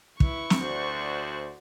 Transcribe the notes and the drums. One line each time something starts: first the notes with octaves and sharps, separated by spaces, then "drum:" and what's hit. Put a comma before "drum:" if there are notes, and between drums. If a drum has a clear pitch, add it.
E4 B4 C#6, drum: kick
drum: snare
D2 F#4 C5 D5